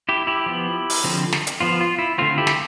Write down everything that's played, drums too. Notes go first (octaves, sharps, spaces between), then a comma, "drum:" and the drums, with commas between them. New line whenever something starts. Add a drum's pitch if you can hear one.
E4 G4
E4 G4
F3 B3
drum: open hi-hat
D3 F3 C4
drum: snare
drum: hi-hat
F3 B3 F4
F4
E4
D3 A3 C4 F4
E4 G4
drum: snare